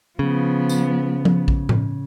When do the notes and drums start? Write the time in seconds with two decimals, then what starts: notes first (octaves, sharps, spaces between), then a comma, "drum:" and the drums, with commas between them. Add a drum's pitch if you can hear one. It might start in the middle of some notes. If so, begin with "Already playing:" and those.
0.19 C#3 F3 B3
0.69 drum: tambourine
1.25 drum: tom F3
1.48 drum: kick A#1
1.69 drum: tom A2